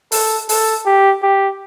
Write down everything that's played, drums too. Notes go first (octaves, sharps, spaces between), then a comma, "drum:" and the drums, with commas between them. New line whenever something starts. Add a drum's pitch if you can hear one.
A4, drum: open hi-hat
A4, drum: open hi-hat
G4
G4